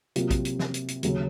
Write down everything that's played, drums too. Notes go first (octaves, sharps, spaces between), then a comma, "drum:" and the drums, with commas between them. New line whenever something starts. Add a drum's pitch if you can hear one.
C3 F#3 A#3 F4, drum: hi-hat
drum: kick, hi-hat
drum: hi-hat
drum: snare
drum: hi-hat
drum: hi-hat
D#2 C#3 F#3 C#4, drum: hi-hat